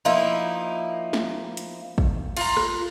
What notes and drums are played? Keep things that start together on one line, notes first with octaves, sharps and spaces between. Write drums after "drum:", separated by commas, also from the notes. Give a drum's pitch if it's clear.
F3 A#3 D#4 E4
drum: snare
drum: hi-hat
drum: kick
F4 A#5, drum: cymbal
drum: rim click